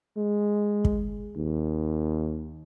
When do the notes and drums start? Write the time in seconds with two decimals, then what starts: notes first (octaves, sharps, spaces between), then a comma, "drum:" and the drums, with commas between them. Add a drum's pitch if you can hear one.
0.17 G#3
0.85 drum: kick
1.36 D#2